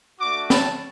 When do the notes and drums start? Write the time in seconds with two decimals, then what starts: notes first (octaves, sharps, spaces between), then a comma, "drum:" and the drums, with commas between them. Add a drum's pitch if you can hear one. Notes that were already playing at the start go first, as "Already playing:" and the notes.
0.20 A3 D4 F#4 D6
0.50 A5, drum: snare